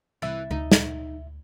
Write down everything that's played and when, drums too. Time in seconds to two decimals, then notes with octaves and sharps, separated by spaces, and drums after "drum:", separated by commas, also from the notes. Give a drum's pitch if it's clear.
0.22 C2 E3 E5 A6
0.51 D2 D#4
0.72 drum: snare